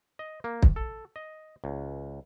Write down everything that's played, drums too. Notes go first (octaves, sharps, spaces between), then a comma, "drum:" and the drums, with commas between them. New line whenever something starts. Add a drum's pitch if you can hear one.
D#5
A#3
drum: kick
A4
D#5
C#2